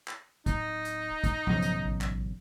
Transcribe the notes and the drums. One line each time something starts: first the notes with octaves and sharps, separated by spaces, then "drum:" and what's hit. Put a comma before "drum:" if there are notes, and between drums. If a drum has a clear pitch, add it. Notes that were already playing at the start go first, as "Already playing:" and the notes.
drum: clap
D1 D#4, drum: kick, hi-hat
drum: hi-hat
drum: kick, hi-hat
B1 G#2 C#3 F3
drum: hi-hat
A1
drum: clap